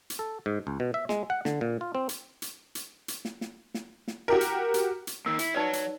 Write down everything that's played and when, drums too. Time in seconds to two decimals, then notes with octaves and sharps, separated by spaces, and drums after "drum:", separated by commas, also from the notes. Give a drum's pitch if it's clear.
0.10 drum: hi-hat
0.19 A4
0.46 G#2
0.67 C#2
0.80 B2
0.94 E5
1.09 G#3, drum: snare
1.30 F#5
1.45 D3, drum: snare
1.61 A#2
1.81 F4
1.95 C4
2.09 drum: hi-hat
2.42 drum: hi-hat
2.75 drum: hi-hat
3.08 drum: hi-hat
3.25 drum: snare
3.41 drum: snare
3.74 drum: snare
4.08 drum: snare
4.28 F#4 G4 A#4
4.41 drum: hi-hat
4.74 drum: hi-hat
5.07 drum: hi-hat
5.26 D#3 A#3 E6
5.39 E4, drum: hi-hat
5.55 F#3 D#4 B4 C#5 D5
5.73 drum: hi-hat